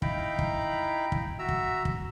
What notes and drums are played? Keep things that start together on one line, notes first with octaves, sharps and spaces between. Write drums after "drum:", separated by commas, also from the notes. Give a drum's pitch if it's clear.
D#4 E4 F5 G5 A#5 B5, drum: kick
drum: kick
drum: kick
F#4 E5 A#5 E6
drum: kick
drum: kick